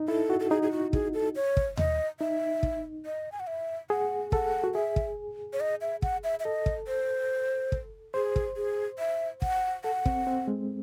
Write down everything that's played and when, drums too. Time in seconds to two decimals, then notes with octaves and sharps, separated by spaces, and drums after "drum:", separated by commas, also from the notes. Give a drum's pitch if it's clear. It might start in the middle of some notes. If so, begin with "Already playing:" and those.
Already playing: D#4
0.08 E4 A4
0.30 F#4
0.40 A4
0.50 D#4 G#4
0.63 G#4
0.72 F#4
0.93 G#4, drum: kick
1.14 A4
1.36 C#5
1.57 drum: kick
1.77 D#5, drum: tom D#2
2.20 D#4 E5
2.63 drum: kick
3.06 D#5
3.32 G#5
3.40 F#5
3.47 E5
3.90 G#4 F#5
4.32 A4 F#5, drum: kick
4.64 F#4
4.75 G#4 E5
4.96 drum: kick
5.53 C#5
5.60 D#5
5.81 E5
6.02 F#5, drum: kick
6.24 E5
6.40 E5
6.44 A4 D#5
6.66 drum: kick
6.87 C5
7.72 drum: kick
8.14 G#4 C5
8.36 drum: kick
8.56 G#4
8.99 E5
9.42 F#5, drum: kick
9.84 A4 F#5
10.05 C4, drum: kick
10.27 C4
10.48 G#3